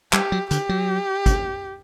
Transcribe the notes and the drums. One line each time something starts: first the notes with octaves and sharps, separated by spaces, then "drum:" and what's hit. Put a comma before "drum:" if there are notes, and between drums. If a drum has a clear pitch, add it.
G3 G4, drum: clap
F#3
D3 G4, drum: hi-hat
F#3
drum: kick G#1, hi-hat